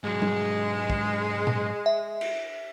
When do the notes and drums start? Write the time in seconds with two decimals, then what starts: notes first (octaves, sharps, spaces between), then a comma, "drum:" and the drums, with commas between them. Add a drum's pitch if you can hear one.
0.04 G#2 F#3 G#3
0.22 drum: tom G3
0.90 drum: kick
1.47 drum: tom A#2
1.86 E5
2.21 drum: cymbal